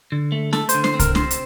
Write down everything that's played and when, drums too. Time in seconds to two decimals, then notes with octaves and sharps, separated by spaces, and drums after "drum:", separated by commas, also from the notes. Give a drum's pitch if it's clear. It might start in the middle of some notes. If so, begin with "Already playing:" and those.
0.12 D3
0.32 A3
0.53 A3 A4, drum: snare
0.69 C5, drum: hi-hat
0.74 D3
0.84 C5, drum: snare
0.94 C4
1.00 A#4, drum: kick C2, hi-hat
1.15 C3 C5, drum: snare
1.31 drum: hi-hat